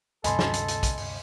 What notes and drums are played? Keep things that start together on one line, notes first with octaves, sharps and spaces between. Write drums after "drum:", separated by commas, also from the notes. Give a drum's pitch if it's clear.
D2 G2 C3 A4 D#5 G#5 B5 C6, drum: hi-hat
drum: snare
drum: hi-hat
drum: hi-hat
drum: kick A#1, hi-hat
drum: open hi-hat